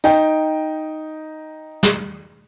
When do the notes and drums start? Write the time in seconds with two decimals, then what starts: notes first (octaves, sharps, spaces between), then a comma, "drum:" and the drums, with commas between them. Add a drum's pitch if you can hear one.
0.04 D#4 G5, drum: tambourine
1.83 drum: snare